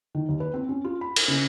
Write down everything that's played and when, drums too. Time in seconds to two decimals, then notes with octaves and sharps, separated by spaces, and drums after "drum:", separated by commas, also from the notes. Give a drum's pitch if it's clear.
0.15 D#3
0.29 D#2
0.40 B4
0.54 C4
0.69 C#4
0.84 F4
1.01 B5
1.16 A#4, drum: cymbal
1.28 C#3